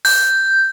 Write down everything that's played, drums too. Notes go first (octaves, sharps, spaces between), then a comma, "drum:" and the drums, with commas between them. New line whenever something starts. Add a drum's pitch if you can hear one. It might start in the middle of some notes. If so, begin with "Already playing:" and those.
G6, drum: open hi-hat